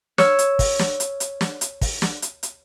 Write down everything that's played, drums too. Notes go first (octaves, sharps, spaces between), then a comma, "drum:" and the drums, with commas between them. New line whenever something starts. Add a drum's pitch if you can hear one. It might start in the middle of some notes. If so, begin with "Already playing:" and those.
C#5 E6 F6, drum: snare
drum: hi-hat
drum: kick, open hi-hat
drum: snare
drum: hi-hat
drum: hi-hat
drum: snare
drum: hi-hat
drum: kick, open hi-hat
drum: snare
drum: hi-hat
drum: hi-hat